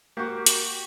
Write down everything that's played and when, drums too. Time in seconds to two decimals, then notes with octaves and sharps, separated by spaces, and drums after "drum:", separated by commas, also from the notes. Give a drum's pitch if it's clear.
0.17 A#3 F#4 G4
0.46 drum: hi-hat